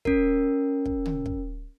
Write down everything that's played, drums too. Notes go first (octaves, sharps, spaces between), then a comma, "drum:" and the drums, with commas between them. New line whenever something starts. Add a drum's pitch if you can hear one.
C#4 A#4, drum: kick
drum: kick
drum: tom
drum: kick